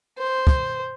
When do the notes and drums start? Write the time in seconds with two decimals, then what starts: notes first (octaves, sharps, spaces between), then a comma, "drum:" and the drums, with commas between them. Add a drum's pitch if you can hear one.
0.18 C5
0.47 drum: kick